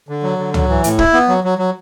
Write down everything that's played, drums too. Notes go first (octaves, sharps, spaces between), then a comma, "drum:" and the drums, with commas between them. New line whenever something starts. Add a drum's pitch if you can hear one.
D3
F#3
D3
F#3, drum: tom C#2
E3
A2, drum: hi-hat
E4, drum: kick
B3
F#3
F#3
F#3